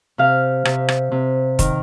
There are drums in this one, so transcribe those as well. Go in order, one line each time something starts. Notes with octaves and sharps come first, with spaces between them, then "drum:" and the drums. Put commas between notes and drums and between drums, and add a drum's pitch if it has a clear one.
C3 F5
C3, drum: rim click
drum: rim click
C3
D#3, drum: kick, hi-hat